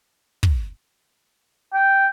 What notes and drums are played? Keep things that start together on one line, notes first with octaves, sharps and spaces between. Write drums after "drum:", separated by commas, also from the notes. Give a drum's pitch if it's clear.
drum: kick
G5